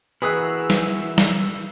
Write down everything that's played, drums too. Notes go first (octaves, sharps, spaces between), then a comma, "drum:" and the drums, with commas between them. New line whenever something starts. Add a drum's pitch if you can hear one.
E3 F#4 G#4 A#4 B4 D#6 E6 F#6
drum: snare
drum: snare